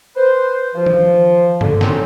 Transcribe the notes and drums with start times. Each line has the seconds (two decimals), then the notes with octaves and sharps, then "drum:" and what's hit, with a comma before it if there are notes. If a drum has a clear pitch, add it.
0.16 B4 C5
0.76 F3
0.86 drum: tom D#3
1.61 D3, drum: tom G2
1.81 F#2 A2 D3 C4 D#4 F4, drum: snare